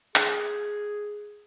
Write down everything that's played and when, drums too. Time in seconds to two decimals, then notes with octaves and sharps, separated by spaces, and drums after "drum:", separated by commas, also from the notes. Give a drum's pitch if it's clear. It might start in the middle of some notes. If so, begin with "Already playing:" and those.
0.16 G#4, drum: clap